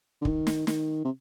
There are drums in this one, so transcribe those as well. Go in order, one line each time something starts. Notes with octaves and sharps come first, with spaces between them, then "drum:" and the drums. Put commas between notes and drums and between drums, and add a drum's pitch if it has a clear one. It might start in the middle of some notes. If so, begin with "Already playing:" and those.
D3
D#3, drum: kick
drum: snare
D#3, drum: snare
C3